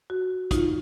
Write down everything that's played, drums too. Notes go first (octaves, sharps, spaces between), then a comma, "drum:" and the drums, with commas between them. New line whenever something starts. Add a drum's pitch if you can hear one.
F#4
D#4 F4, drum: kick, hi-hat